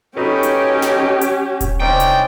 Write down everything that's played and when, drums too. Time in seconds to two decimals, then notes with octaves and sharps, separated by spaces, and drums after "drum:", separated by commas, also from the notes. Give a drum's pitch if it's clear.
0.17 C#4 D#4 F#4 G4 A4 B4 D#5
0.43 drum: hi-hat
0.82 drum: snare
1.21 drum: hi-hat
1.61 drum: kick D#1, hi-hat
1.80 C2 C#4 D#4 C5 D5 G5
2.00 drum: hi-hat